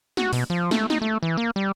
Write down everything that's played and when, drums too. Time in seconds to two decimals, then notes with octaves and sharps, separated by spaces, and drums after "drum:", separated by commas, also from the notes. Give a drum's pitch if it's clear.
0.17 F#4, drum: snare
0.33 B2, drum: open hi-hat
0.50 F3
0.71 A3, drum: snare
0.90 D#4, drum: snare
1.02 A3
1.23 E3
1.37 A#3
1.56 G3